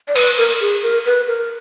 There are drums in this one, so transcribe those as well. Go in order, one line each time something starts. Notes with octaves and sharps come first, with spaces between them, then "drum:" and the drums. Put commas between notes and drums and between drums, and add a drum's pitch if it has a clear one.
D5
B4, drum: cymbal
A#4
G#4
A#4
B4
A#4